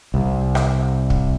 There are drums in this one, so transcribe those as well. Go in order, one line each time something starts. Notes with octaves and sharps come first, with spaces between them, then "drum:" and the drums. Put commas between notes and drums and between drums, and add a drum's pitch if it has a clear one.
C2
drum: rim click
drum: kick